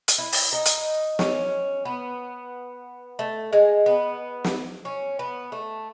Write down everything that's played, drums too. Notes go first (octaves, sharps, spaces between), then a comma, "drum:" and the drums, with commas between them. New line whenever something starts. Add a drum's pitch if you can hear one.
drum: hi-hat
E4
drum: open hi-hat
D#4
drum: hi-hat
C#4, drum: snare
B3
A3
G#3
B3
drum: snare
C#4
B3
A3